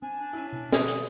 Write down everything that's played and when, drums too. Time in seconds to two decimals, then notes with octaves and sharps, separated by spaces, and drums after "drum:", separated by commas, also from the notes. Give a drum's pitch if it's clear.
0.02 C4 D4 G#5
0.20 D4
0.33 C#4 E4
0.52 B2
0.72 B4 G#5 D#6, drum: snare
0.88 drum: hi-hat